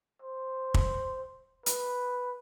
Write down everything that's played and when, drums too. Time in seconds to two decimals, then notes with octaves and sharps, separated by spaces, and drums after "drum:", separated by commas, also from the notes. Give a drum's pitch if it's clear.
0.22 C5
0.74 drum: kick
1.66 B4, drum: hi-hat